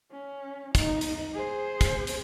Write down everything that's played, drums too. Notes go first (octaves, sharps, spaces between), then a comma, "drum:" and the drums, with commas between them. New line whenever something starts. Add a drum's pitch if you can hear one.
C#4
D#4, drum: kick, hi-hat
drum: hi-hat
G#4 C5
drum: kick, hi-hat
drum: hi-hat